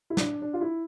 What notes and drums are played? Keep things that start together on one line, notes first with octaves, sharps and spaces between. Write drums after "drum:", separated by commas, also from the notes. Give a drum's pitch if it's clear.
E4
D4, drum: snare
D4
F4
E4